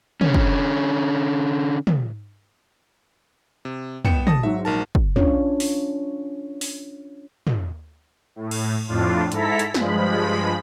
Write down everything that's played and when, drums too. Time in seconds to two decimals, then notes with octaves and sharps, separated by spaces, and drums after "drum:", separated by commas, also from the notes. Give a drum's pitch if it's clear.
0.21 D3 C#4, drum: tom
0.34 drum: kick
1.87 drum: tom
3.65 C3
4.05 B3 G5 C#7 E7, drum: tom
4.27 A5 D#6 A#6, drum: tom
4.43 G#2 F#3 E5
4.65 A#1 A#4 A5
4.95 drum: kick
5.16 C#4 D4 F4 C#5, drum: tom
5.60 drum: open hi-hat
6.61 drum: open hi-hat
7.47 drum: tom
8.36 A2
8.51 drum: cymbal
8.88 F2 A2 D4 F4
9.32 G#2 E4 A4 A#5 B6, drum: hi-hat
9.59 drum: hi-hat
9.74 G2 F3 G#3 B5, drum: snare